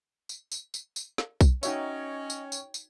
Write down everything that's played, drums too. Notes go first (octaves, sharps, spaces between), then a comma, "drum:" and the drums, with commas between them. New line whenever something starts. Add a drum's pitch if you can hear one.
drum: tambourine
drum: tambourine
drum: tambourine
drum: tambourine
drum: snare
drum: kick B1, tambourine
C#4 D#4 F#4 C#5 D#5 E5 G5, drum: tambourine
drum: tambourine
drum: tambourine
drum: tambourine